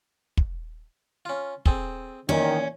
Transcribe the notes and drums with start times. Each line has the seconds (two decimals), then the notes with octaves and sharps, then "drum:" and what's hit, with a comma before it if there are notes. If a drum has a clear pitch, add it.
0.37 drum: kick
1.25 C#4 F4
1.66 C4 G#4 A4, drum: kick
2.29 E2 A#2 D#3 C#4